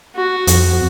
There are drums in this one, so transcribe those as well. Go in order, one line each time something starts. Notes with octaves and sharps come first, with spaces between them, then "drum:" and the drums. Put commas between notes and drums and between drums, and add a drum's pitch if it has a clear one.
F#4
F2, drum: hi-hat